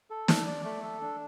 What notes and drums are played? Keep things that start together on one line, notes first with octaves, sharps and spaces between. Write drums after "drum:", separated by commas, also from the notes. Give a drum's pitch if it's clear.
A4
D4, drum: snare
D5
A3
A4
D4